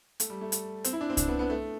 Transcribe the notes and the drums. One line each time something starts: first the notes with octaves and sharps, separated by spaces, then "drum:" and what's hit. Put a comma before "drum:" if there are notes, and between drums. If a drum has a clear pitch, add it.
A3, drum: hi-hat
G3
A3
drum: hi-hat
C4, drum: hi-hat
E4
D4
C4
D4, drum: kick C2, hi-hat
B3
B3
A3